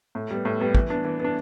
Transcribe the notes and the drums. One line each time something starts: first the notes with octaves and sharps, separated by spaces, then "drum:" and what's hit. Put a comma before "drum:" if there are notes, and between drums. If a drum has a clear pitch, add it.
A2
G3 B3
A2
G3 B3
E3, drum: kick
B3 D4
E3
B3 D4